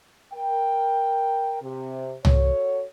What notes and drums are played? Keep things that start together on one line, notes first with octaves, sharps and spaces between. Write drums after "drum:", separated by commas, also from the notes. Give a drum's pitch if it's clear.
A#4 G5
C3
F#4 A4 C#5, drum: tom